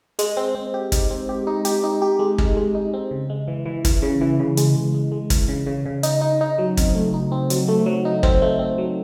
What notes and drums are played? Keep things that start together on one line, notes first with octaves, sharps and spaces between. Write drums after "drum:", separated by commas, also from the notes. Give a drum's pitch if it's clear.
G#3, drum: hi-hat
C4
C4
G4
D#4, drum: kick, hi-hat
C4
G4
D#4
G4, drum: hi-hat
D#4
G4
G#3
G#3, drum: kick
G#3
D#4
C4
C#3
G#3
E3
E3
E3, drum: kick, hi-hat
C#3
E3
C#3
G#3, drum: hi-hat
C#3
G#3
G#3
E3, drum: kick, hi-hat
C#3
C#3
C#3
D#4, drum: hi-hat
D#4
D#4
F#3
C4, drum: kick, hi-hat
A3
D#4
C4
F#3, drum: hi-hat
A3
F#3
D#4
C4, drum: kick
A3
C4
F#3